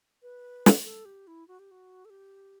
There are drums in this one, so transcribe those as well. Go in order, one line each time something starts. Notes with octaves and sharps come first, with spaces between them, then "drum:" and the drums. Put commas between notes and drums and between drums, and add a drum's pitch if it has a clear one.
B4
drum: snare
A4
G4
E4
F#4
G4
F#4
A4
G4